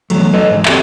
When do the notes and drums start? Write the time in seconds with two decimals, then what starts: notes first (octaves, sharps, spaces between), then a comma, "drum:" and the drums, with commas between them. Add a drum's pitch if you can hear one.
0.10 E2 G2 F#3 A3, drum: cymbal
0.33 A4 B4 D#5
0.50 E2 G#2
0.65 C4 F#4 G4 A4 E5, drum: clap